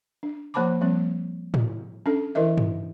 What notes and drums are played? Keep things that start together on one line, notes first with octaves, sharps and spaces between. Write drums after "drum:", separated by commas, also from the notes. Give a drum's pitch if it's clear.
D4
F3 A#3 C5 A5 B5 D6
F3 G3 A#3 C4
drum: tom A2
C#4 D4 A4
E3 E4 A#4 D#5 E5
drum: tom G2